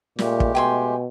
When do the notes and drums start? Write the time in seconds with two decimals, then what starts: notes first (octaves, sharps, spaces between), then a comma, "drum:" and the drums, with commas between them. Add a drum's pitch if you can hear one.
0.19 A#2 G#3 A3 G4, drum: snare
0.40 drum: kick
0.55 B2 G5 G#5 C6